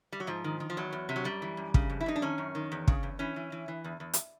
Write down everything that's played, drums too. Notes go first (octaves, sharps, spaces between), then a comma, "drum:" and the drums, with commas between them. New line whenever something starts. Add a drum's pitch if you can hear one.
G3
F#3
G#2 F3
D#3
D#3
F3
E2 F#3
E2
C3
F#3
F#2 G3
E3
F#2
C#3, drum: kick
F2
E4
F2 D#4
D4
D#3 C#4
F#2
D#3
E2
C#3, drum: kick
E2
E3 C#4
E3
E3
E3
E2
E2
drum: hi-hat